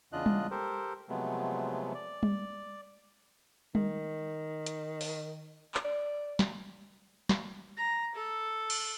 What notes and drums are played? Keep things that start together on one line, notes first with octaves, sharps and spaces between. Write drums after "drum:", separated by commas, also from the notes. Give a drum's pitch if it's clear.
E2 C#3 D4 F4 D#5 F#6
drum: tom G3
G4 A4 A#4 C5
C3 F3 F#3 G#3 A3 B3
D5
drum: tom G3
D#3, drum: tom G3
drum: hi-hat
drum: open hi-hat
drum: clap
D5
drum: snare
drum: snare
A#5
A4
drum: cymbal